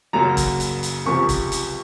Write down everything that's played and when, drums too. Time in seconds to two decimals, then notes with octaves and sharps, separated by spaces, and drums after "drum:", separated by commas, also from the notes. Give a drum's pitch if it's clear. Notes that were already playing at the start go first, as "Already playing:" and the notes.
0.13 F#1 F#2 C#3 F#3 A#3 A#5
0.37 drum: kick, hi-hat
0.60 drum: hi-hat
0.83 drum: hi-hat
1.05 C#2 C3 F3 C#6
1.29 drum: kick, hi-hat
1.52 drum: hi-hat